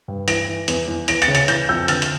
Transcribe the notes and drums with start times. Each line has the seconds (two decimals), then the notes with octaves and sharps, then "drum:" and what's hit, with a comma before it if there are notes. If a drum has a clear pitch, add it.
0.08 G2
0.28 E3 A#6 D7, drum: hi-hat
0.49 E3
0.68 E2, drum: hi-hat
0.88 E2
1.08 E3 A#6 D7, drum: hi-hat
1.22 A6 C#7, drum: hi-hat
1.28 C#3
1.35 A6 C#7, drum: hi-hat
1.48 E3 G6 A#6, drum: hi-hat
1.69 F2 E6 G6
1.88 D3 F6 A6, drum: hi-hat
2.02 drum: hi-hat